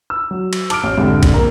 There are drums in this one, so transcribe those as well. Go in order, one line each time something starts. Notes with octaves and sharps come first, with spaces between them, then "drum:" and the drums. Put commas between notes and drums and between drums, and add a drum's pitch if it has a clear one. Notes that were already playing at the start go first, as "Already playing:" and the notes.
E6
F#3
drum: cymbal
A5 D6 E6 F6 D7, drum: cymbal
A1
C2 F2 G#2 D3
drum: kick, cymbal
A#1 A#4